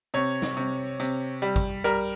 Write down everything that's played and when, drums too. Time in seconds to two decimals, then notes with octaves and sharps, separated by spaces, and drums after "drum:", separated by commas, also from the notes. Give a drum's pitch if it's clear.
0.14 C3 C#5
0.42 drum: snare
0.57 C3
1.00 C3, drum: tambourine
1.42 G3
1.56 drum: kick, tambourine
1.84 G3 A#4